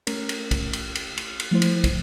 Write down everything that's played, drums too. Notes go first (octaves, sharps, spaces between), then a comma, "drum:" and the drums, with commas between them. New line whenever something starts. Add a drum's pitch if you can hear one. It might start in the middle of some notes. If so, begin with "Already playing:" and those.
A3 C#4 A#4, drum: cymbal
drum: cymbal
drum: kick, cymbal
drum: cymbal
drum: cymbal
drum: cymbal
drum: cymbal
F3 A3 E4 C5
drum: cymbal
drum: kick, cymbal